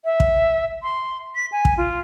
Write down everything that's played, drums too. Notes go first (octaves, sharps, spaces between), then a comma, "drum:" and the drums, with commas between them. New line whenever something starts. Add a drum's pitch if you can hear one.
E5
drum: kick
C6
B6
G#5
drum: kick
F4